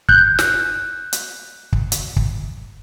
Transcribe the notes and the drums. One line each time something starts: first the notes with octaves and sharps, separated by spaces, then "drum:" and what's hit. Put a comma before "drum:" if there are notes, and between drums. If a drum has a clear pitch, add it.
F#6 G6, drum: kick
drum: snare
drum: hi-hat
drum: kick
drum: hi-hat
drum: kick